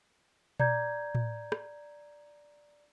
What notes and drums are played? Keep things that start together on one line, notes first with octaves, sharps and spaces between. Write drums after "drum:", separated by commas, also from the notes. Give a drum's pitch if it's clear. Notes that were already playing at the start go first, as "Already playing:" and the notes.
D5 A#5 G6 G#6, drum: tom A#2
drum: tom A2
drum: rim click